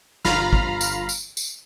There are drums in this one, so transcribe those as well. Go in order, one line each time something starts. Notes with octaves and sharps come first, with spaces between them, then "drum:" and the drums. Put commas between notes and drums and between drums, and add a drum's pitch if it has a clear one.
G1 F4 F5 A#5 B5 F6, drum: snare
drum: kick
drum: tambourine
drum: tambourine
drum: tambourine